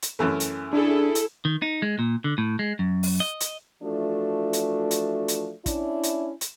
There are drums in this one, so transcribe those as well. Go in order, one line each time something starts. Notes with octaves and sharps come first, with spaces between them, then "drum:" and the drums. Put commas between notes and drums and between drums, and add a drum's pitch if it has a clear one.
drum: hi-hat
F#2 E3 A3
drum: hi-hat
D4 E4 G#4 A4
drum: hi-hat
D#3
D#4
G#3
A#2
D3
A2
G#3
F#2
drum: open hi-hat
D#5
drum: hi-hat
E3 F3 A3 D4 F#4
drum: hi-hat
drum: hi-hat
drum: hi-hat
C#4 D4 E4, drum: kick, hi-hat
drum: hi-hat
drum: hi-hat